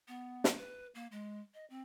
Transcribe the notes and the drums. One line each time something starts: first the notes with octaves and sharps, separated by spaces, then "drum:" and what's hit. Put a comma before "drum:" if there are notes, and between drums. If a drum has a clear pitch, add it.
B3
drum: snare
B4
A#3
G#3
D#5
C4